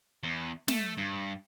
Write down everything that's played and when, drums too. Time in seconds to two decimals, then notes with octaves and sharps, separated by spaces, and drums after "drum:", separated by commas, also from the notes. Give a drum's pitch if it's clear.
0.24 E2
0.68 A3, drum: snare
0.98 G2